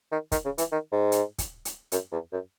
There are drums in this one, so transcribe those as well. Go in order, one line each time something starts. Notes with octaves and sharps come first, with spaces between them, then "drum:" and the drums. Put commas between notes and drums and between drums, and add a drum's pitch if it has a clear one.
D#3
D#3, drum: kick, hi-hat
C#3
E3, drum: hi-hat
D#3
G#2
drum: hi-hat
drum: kick, hi-hat
drum: hi-hat
F#2, drum: hi-hat
E2
F#2